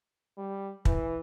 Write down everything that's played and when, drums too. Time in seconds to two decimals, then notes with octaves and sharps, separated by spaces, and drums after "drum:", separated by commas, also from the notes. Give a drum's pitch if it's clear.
0.37 G3
0.85 E3, drum: kick